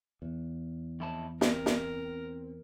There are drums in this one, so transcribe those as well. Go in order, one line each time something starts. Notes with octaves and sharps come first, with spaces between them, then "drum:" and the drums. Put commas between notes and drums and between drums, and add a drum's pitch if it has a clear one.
E2
F2 E4 A5
C4 A#4, drum: snare
drum: snare